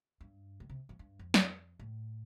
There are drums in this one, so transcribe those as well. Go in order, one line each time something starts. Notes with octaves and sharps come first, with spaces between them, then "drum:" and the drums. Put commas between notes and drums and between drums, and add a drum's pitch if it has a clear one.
G2
A2
C3
F3
G2
F2
drum: snare
A2